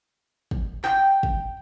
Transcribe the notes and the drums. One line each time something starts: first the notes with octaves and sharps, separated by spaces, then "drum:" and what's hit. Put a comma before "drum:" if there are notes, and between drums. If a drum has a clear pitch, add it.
drum: kick
G5, drum: clap
drum: kick